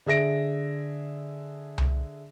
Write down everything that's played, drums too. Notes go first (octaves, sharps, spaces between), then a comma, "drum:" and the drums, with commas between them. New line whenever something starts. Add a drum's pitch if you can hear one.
D3 G#4 E5 A#6 D7
drum: tom C2